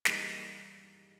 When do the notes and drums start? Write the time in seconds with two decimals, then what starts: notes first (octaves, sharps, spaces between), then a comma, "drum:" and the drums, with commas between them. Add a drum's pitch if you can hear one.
0.05 E3 G3 A#3 D#4 G#4, drum: snare